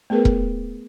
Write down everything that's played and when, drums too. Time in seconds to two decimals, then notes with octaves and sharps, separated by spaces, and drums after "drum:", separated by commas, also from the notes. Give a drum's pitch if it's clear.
0.10 A3 B3 G#4 A#4 B4
0.25 drum: kick E1